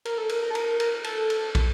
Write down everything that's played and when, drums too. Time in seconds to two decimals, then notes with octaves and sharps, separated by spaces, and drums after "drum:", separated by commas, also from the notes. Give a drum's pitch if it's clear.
0.05 A#4, drum: cymbal
0.18 A4
0.29 A#4, drum: cymbal
0.42 A#4
0.50 A4
0.55 A#4, drum: cymbal
0.80 A#4, drum: cymbal
1.04 A4, drum: cymbal
1.30 drum: cymbal
1.55 drum: kick, cymbal